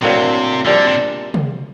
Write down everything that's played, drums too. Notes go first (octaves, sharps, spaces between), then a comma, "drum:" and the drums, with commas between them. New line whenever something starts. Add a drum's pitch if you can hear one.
A#1 A2 C3 F#3 A#3 D4
A#1 A#2 D3 G3 D4
C3
drum: tom